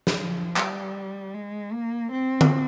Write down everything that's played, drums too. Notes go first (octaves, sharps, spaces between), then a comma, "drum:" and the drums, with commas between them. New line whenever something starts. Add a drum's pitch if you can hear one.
drum: snare
F3
G3, drum: clap
G#3
A#3
C4
drum: tom D3